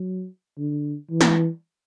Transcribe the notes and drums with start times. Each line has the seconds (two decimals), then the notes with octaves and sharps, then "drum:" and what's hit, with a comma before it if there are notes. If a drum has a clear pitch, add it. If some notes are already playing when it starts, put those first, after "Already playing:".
Already playing: F#3
0.58 D3
1.11 E3
1.21 drum: snare